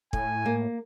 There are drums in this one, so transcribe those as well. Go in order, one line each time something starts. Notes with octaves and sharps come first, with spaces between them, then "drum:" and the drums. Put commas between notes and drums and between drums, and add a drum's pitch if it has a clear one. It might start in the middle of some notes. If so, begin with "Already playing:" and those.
A2 G#5, drum: kick
A#3